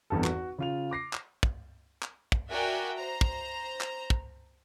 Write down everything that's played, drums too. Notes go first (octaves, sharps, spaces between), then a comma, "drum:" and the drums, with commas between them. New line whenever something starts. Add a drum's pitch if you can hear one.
G#1 E2 G2 A4
F#4, drum: clap
C#3 F4 F7
D6 A#6 C7
drum: clap
drum: kick
drum: clap
drum: kick
F#4 A#4 D5 E5 G5 G#5
C5 A#5
drum: kick
drum: clap
drum: kick